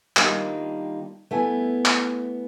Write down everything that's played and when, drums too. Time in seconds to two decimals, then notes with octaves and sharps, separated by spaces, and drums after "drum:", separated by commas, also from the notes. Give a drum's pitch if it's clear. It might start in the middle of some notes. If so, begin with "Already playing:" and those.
0.17 D#3 G3 A#3 D4 D#4 F4, drum: clap
1.31 A3 B3 E4 G#5
1.85 drum: clap